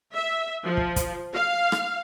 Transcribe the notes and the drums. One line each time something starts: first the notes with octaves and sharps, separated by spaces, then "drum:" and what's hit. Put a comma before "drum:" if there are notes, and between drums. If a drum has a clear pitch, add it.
E5
F3
drum: kick
drum: kick, hi-hat
F5
drum: rim click